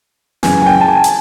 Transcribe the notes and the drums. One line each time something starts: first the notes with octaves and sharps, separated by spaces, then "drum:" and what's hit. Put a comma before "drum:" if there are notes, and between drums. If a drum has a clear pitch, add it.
F#2 C#3 E3 G#5, drum: snare
G#5
G5
A5
G#5
drum: hi-hat